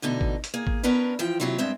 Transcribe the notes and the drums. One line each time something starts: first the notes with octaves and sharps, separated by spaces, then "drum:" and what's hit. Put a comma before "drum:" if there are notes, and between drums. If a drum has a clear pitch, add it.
D2 B2 D3 D#4
drum: kick G#1
drum: hi-hat
A#3 G#4
drum: kick G#1
B3 C#4 D4 A#4 B4
E3 F3 G5
D#2 C3 F#3 E4 F4
G2 G#3 C4 E5